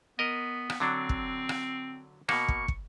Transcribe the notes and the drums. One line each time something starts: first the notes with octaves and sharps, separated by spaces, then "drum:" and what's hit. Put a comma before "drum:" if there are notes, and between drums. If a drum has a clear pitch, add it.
B3 A#4 D#5
drum: rim click
D3 F#3 C4 D4
drum: kick
drum: rim click
B2 A#3 C#6, drum: rim click
drum: kick
drum: kick